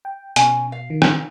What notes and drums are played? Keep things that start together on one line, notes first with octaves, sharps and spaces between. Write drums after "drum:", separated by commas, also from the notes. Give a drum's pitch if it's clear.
G5
B2 C#4 G#5, drum: hi-hat
F5
D#3
drum: rim click